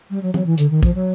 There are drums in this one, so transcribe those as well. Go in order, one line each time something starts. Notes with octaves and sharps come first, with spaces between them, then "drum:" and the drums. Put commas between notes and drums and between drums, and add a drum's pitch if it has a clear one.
G3
F#3
F#3, drum: tom
E3
D3, drum: hi-hat
D#3
F3, drum: kick
F#3